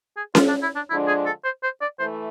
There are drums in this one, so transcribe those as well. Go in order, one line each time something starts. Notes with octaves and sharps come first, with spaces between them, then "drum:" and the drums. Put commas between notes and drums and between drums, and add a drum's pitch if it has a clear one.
G#4
F4, drum: snare C#4
D4
E4
D4
D3 F3 G#3 D4 E4
G#4
A4
C5
C5
D5
E3 A3 C5